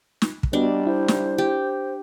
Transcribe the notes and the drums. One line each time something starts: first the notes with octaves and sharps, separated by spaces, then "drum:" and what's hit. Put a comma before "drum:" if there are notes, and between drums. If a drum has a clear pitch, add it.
drum: snare
drum: kick
G3 B3 D4 F#4 D#5
E4 C5
drum: snare
G4